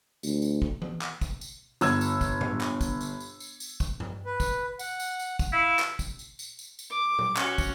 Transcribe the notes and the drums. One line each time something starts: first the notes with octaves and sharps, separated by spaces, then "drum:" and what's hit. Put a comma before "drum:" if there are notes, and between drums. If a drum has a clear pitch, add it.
D2, drum: tambourine
drum: tambourine
drum: kick
drum: tom E3
drum: clap
drum: kick, tambourine
drum: tambourine
G1 E6 G#6, drum: tambourine
drum: tambourine
drum: kick, tambourine
drum: tom A2
drum: clap
drum: kick, tambourine
drum: tambourine
drum: tambourine
drum: tambourine
drum: tambourine
drum: kick, tambourine
drum: tom G2
B4
drum: kick, tambourine
F#5, drum: tambourine
drum: tambourine
drum: tambourine
drum: kick, tambourine
E4 F5
drum: clap
drum: kick, tambourine
drum: tambourine
drum: tambourine
drum: tambourine
drum: tambourine
D6
drum: tom A#2
C#4 F#4, drum: clap
drum: kick, tambourine